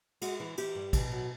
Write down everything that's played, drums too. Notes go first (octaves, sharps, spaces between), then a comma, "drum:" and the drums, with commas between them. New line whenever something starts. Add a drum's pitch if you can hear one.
G#3 F#4, drum: cymbal
E3
E3 G4, drum: cymbal
G2
B2, drum: kick, cymbal
F#3